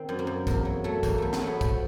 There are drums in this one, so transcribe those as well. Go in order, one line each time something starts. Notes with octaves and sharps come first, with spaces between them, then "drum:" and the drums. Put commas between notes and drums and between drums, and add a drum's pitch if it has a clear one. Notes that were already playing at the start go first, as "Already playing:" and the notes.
Already playing: D#3 C4
F#2
A#3
F#2
E2 A#3, drum: kick, tambourine
F#3
F#3 A3
E2 A#3, drum: kick, tambourine
E2 A3
A3, drum: snare
F#3
B3
F3, drum: kick, tambourine